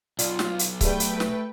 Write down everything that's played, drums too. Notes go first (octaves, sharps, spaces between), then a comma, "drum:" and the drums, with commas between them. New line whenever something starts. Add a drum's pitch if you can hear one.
B1 F4 D5, drum: hi-hat
drum: snare
drum: hi-hat
A3 G4 G#4 B4 D5 G5, drum: kick C#1, hi-hat
drum: hi-hat
drum: snare